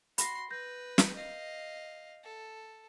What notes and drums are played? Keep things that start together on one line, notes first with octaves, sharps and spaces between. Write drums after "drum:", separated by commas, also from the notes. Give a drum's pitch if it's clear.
F#4 B5 C6 A#6, drum: hi-hat
B4 G6 A#6
drum: snare
D#5 F5
A4